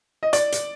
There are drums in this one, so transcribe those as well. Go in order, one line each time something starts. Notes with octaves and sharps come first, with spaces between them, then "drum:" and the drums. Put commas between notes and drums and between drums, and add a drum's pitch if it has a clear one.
D#5
D5, drum: hi-hat
drum: hi-hat